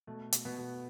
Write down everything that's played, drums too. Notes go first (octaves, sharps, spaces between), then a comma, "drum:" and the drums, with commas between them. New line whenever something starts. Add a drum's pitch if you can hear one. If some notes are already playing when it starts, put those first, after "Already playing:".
B2 A3
B2, drum: hi-hat
B2 B3
B2